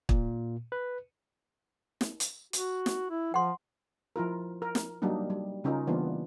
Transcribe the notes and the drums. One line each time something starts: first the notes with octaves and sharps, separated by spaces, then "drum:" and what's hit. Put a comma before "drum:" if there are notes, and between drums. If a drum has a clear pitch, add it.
A#2, drum: kick
B4
drum: snare
drum: hi-hat
F#4, drum: hi-hat
drum: snare
E4
F3 F#5 C6
F3 E4 F4 A#4
A#4
drum: snare
F#3 G3 A#3 D4 D#4
G3
C#3 C#4 D#4 F4 A#4
E3 G3 A#3 B3 D4 F4